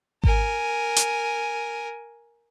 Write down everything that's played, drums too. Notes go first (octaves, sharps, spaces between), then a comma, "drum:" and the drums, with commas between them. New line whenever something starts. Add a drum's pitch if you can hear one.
A#4 G#5, drum: kick G#1
drum: hi-hat